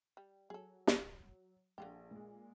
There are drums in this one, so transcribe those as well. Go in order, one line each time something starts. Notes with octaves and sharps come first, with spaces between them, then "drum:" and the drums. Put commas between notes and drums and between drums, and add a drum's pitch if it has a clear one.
G3
F#3 G#4 A4
drum: snare
A#1 D3 F4 G4
A#2 G#3